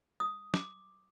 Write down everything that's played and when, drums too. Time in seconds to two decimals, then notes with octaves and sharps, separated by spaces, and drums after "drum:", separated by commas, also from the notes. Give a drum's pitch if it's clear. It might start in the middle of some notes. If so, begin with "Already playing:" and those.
0.20 D#6
0.54 D6, drum: snare